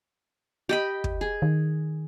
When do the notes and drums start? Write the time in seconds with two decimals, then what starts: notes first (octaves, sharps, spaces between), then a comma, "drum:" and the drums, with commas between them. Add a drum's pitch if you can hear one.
0.69 G4 D#5 B5
1.04 drum: kick
1.21 G#4
1.42 D#3